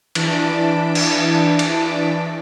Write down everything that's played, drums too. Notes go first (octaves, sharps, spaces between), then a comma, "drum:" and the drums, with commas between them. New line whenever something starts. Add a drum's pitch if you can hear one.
E3 D4 A5 B6 D7, drum: cymbal
drum: cymbal
drum: cymbal